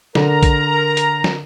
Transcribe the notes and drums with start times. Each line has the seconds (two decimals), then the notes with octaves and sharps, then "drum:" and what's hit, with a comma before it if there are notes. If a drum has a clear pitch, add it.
0.15 D3 A#4 A#5, drum: snare
0.43 drum: kick A#1, hi-hat
0.97 drum: hi-hat
1.24 drum: snare